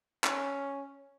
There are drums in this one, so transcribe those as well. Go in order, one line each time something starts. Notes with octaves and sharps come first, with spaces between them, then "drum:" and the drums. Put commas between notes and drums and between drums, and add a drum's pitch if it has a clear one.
C#4, drum: clap